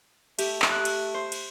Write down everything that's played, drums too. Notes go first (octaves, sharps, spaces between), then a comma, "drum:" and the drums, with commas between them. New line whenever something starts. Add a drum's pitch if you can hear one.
A3 G4, drum: cymbal
drum: clap
F#6
drum: cymbal
C5
drum: cymbal